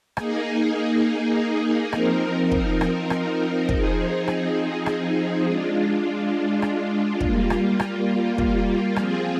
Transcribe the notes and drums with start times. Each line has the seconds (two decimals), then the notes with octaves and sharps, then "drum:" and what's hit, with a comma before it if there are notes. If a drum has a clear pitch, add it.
0.17 A#3 D#4 G#4, drum: rim click
1.93 F3 C4 D#4 A#4, drum: rim click
2.52 drum: kick
2.81 drum: rim click
3.10 drum: rim click
3.69 F3 C4 D#4 G#4, drum: kick
4.28 drum: rim click
4.86 drum: rim click
5.45 G#3 D4 F4
6.62 drum: rim click
7.21 G3 A#3 F4, drum: kick
7.50 drum: rim click
7.80 drum: rim click
8.38 drum: kick
8.96 F3 C4 F4 G#4, drum: rim click